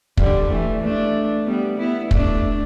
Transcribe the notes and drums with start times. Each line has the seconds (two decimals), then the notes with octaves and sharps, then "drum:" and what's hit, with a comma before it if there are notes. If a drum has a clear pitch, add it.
0.17 D3 G3, drum: kick
0.50 E3 A3
0.82 A3 D4
1.46 G3 B3
1.78 B3 E4
2.11 A3 D4, drum: kick